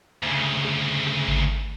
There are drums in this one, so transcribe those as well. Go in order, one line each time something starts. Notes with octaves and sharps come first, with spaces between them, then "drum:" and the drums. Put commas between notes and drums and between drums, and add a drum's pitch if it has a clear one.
D2 C#3
drum: rim click
drum: rim click
drum: kick G#1